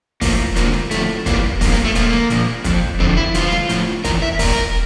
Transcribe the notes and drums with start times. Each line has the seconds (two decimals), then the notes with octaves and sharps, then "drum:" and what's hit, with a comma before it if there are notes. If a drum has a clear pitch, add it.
0.21 A2 F3 A#3, drum: kick, open hi-hat
0.56 F2 D3 F3 A#3, drum: hi-hat
0.74 drum: snare
0.91 A2 F3 A3, drum: hi-hat
1.26 E2 E3 G3 A#3, drum: kick, hi-hat
1.61 G2 D3 F3 A#3, drum: kick, open hi-hat
1.72 A#3
1.84 A3
1.95 A#2 F3 A#3, drum: hi-hat
2.13 drum: snare
2.30 A#2 F3, drum: hi-hat
2.64 F2 D3 F3, drum: kick, hi-hat
3.00 F2 D3 F3 C4, drum: kick
3.17 E4
3.34 E2 D3 F3 F4, drum: hi-hat
3.52 drum: snare
3.69 A2 F3, drum: hi-hat
4.04 F2 E3 A#4, drum: kick, hi-hat
4.22 E5
4.39 A#2 G3 A#4, drum: kick, open hi-hat